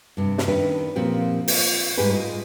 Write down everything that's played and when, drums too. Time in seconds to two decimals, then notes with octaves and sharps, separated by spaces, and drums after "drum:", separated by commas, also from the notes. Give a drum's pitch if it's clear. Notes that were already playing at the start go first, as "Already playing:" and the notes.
0.17 G2 C3
0.38 drum: snare
0.48 D#3 C#4 D4 B4
0.96 A#2 F3 C4 G4
1.48 F4, drum: open hi-hat
1.97 G#2 G3 G4 G#4 B4
2.13 F4 D#5